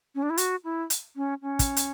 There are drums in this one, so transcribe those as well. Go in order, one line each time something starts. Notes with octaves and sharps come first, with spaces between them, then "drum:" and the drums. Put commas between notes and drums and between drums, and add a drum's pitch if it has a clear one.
C#4
D4
E4
F#4, drum: hi-hat
E4
drum: hi-hat
C#4
C#4
drum: kick, hi-hat
drum: hi-hat